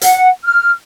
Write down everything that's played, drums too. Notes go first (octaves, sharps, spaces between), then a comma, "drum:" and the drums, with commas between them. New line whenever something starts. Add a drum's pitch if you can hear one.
F#5, drum: hi-hat
F6